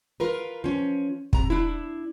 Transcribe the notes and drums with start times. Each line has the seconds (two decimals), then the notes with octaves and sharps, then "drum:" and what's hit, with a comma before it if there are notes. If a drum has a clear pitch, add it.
0.20 F4 A#4 B4
0.64 F3 C#4
1.33 C3 A#5, drum: kick
1.50 D4 E4